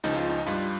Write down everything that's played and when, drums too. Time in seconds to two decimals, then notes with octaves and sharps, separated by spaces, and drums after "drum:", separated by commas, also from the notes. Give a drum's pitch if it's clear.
0.04 C#2 C#3 F3 D#4, drum: hi-hat
0.16 F4
0.30 D#4
0.46 G2 G3 F4, drum: hi-hat